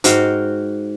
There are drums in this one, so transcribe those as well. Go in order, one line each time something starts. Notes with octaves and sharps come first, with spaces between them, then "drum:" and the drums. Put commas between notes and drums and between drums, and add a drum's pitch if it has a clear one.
G#2 F#4 F5 G5, drum: hi-hat